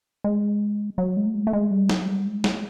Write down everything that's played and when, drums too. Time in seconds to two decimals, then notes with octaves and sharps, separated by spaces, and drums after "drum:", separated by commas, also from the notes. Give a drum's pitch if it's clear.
0.24 G#3
0.98 F#3
1.17 G#3
1.26 A3
1.35 G#3
1.47 A3
1.53 G#3
1.71 G3
1.90 F#3, drum: snare
2.08 G3
2.26 G#3
2.44 A3, drum: snare